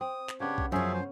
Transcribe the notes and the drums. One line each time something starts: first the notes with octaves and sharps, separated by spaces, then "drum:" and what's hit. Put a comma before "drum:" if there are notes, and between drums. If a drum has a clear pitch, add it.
C4 D#6
drum: clap
C#3 B3 D4 G4 C#5
drum: kick B1
F#2 F3 C#4 G#4 C5 C#5 E5
C5